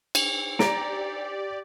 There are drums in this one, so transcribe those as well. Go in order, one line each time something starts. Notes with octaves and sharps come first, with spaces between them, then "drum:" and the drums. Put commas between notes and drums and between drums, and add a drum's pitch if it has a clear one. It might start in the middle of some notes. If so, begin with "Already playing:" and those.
drum: cymbal
G4 D5 A#5 D7, drum: snare